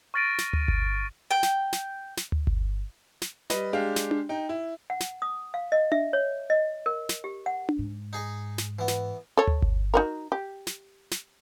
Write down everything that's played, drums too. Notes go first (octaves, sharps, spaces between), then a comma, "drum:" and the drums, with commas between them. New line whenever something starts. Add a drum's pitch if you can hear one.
C#6 F6 A6 A#6 D7 D#7
drum: snare
drum: tom D2
drum: kick G1
G5
drum: snare
drum: snare
drum: snare
drum: tom D2
drum: kick G1
drum: snare
G3 B4 D#5, drum: snare
G#3 D4 G4 F5
drum: snare
drum: tom D4
D#4 G5
E4
F#5
drum: snare
D#6
F5
D#5
E5, drum: tom D4
C#5
D#5
A#4
drum: snare
G4
F#5
drum: tom D4
G#2
D#4 G#4 D#5
drum: snare
E3 B3
drum: snare
A4 C#5
drum: tom D2
drum: kick G1
D#4 F#4 A#4
G4
drum: snare
drum: snare